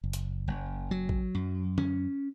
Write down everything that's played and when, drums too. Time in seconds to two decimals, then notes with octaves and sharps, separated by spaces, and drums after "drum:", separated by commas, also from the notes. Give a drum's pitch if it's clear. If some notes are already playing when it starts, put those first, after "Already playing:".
0.04 F#1
0.13 drum: hi-hat
0.48 F#1
0.91 F#3
1.09 drum: kick
1.35 F#2
1.78 C#4, drum: tom